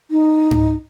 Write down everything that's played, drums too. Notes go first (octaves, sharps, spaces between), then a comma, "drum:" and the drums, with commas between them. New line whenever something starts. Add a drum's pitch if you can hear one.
D#4
drum: tom G#2